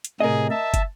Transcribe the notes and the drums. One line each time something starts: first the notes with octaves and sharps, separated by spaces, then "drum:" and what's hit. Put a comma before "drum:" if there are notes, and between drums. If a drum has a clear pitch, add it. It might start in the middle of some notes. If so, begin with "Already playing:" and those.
drum: hi-hat
A2 C3 G#4 A#4 D#5
E5 A5
drum: kick, hi-hat